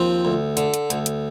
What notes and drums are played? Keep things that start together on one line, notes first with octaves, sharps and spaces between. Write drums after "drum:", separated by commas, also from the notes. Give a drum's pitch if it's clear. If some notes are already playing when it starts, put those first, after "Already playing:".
Already playing: D#2 F3 C4
D2
D3, drum: hi-hat
drum: hi-hat
D2, drum: hi-hat
drum: hi-hat